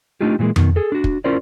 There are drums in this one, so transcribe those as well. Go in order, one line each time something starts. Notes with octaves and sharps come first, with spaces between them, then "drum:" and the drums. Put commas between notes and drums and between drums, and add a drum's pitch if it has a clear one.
A3 D4 D#4 F4 G4
A#2 E3 G3 G#3 A#3
B2 D#3, drum: tom F2
G#4 A4
D4 F#4
drum: kick
C#4 E4 F4 A#4 C5 D5